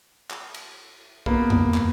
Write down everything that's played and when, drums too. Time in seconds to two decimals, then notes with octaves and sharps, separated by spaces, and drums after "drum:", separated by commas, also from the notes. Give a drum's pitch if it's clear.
0.30 drum: clap
0.54 drum: cymbal
1.26 A#3 B3, drum: kick
1.50 drum: tom E2
1.74 drum: clap